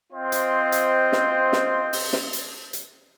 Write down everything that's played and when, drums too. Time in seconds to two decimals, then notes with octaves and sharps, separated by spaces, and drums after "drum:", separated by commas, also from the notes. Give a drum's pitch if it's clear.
0.12 C4 F4 C5 D#5 G5
0.32 drum: hi-hat
0.72 drum: hi-hat
1.12 drum: snare
1.53 drum: snare
1.93 drum: open hi-hat
2.13 drum: snare
2.33 drum: hi-hat
2.73 drum: hi-hat